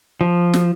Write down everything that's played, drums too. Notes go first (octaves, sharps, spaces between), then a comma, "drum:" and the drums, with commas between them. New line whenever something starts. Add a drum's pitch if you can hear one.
F3
drum: snare